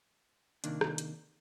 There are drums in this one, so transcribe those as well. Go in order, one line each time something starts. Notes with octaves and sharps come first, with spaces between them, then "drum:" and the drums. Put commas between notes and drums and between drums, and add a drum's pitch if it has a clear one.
C3 D#3 A#3 D4, drum: hi-hat
drum: rim click
drum: hi-hat